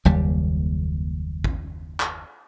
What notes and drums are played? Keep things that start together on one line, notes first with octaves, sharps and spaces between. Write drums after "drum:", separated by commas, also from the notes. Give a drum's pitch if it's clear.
F#1 D#2 G3
drum: kick
drum: clap